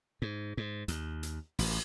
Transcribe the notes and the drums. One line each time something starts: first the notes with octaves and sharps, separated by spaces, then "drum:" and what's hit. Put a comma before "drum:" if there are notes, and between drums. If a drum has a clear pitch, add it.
G#2
G#2
D#2, drum: hi-hat
drum: hi-hat
A1, drum: open hi-hat